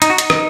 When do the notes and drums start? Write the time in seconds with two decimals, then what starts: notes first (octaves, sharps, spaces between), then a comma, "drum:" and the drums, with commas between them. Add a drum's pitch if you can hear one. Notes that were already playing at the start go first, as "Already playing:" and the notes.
0.02 D#4, drum: hi-hat
0.10 F#4
0.18 D#4, drum: hi-hat
0.30 drum: rim click